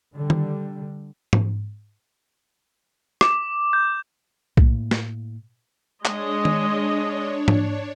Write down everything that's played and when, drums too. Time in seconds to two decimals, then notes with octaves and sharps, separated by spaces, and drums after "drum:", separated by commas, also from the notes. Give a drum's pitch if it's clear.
0.16 D3 G3
0.30 drum: tom D#3
1.33 drum: tom G#2
3.21 D6, drum: rim click
3.73 G6
4.57 A2 A#3, drum: kick B1
4.91 drum: snare
6.05 G#3 D4 C#5 D#5, drum: clap
6.45 drum: tom D#3
7.48 drum: tom G#2